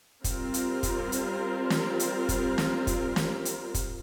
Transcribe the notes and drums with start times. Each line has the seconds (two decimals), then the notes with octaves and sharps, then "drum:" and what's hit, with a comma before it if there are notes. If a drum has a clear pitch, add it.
0.24 G3 C4 F4 A#4, drum: kick, hi-hat
0.54 drum: hi-hat
0.83 drum: kick, hi-hat
1.12 drum: hi-hat
1.70 drum: snare
2.00 drum: hi-hat
2.29 drum: kick, hi-hat
2.58 drum: snare
2.87 drum: kick, hi-hat
3.16 drum: snare
3.45 drum: hi-hat
3.74 drum: kick, hi-hat